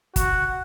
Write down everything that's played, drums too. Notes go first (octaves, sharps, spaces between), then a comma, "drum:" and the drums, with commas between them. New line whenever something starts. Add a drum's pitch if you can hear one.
F#4, drum: kick G1, hi-hat